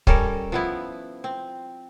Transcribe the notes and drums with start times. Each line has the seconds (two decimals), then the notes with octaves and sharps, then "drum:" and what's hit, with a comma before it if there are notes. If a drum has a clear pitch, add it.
0.07 G3 C#4 A4 A#4, drum: kick
0.52 F3 B3 E4
1.24 C4